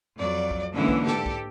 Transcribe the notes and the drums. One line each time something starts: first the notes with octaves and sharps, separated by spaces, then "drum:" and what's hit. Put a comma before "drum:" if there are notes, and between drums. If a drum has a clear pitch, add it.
F2 F#3 D5
drum: kick
G#2 D3 E3 A#3 C#4 E4
drum: kick
G4 A4, drum: snare
drum: kick